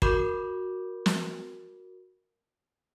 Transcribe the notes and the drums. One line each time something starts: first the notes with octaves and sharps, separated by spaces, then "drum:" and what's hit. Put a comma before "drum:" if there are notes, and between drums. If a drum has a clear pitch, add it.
F#4 A#4 B5 C#6 D6 G6, drum: kick
drum: snare